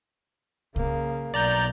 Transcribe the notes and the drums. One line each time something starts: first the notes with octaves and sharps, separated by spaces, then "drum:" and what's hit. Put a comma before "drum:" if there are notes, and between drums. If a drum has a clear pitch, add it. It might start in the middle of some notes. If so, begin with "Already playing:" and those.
C#3 A#3, drum: kick C2
B1 D5 A#5 G6